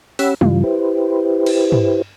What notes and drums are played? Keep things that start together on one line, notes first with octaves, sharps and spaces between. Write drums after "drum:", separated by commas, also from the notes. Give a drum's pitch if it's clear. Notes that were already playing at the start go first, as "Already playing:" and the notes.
C#4 G4 C#5 F#5 B5 E6, drum: open hi-hat
G2 C#3 E3 G3 F4, drum: tom
E4 G4 B4 C5
drum: cymbal
drum: tom